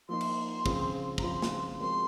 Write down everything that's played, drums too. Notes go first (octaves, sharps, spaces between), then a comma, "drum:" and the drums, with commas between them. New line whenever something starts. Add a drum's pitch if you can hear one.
F3 A#3 D#4 C6
drum: cymbal
C#3 F3 C4 F4 C5, drum: kick
A#5, drum: kick
C#3 F3 C4 F4 C5 C6
drum: snare
F3 G#3 C4 F#4 A#4 C6